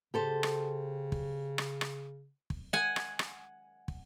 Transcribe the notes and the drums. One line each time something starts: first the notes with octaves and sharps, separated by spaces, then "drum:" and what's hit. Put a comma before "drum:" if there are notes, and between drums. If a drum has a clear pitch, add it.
C#3 G4 A4 C5
drum: rim click
drum: kick
drum: rim click
drum: rim click
drum: kick
F#5 G#5
drum: rim click
drum: rim click
drum: kick